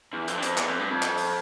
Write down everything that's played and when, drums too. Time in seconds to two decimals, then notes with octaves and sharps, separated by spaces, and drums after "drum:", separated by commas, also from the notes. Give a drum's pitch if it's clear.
0.13 E2
0.28 F2, drum: hi-hat
0.38 G2
0.42 F2, drum: hi-hat
0.58 E2, drum: clap
0.69 F2
0.79 G2
0.91 F2
1.03 drum: clap
1.18 drum: open hi-hat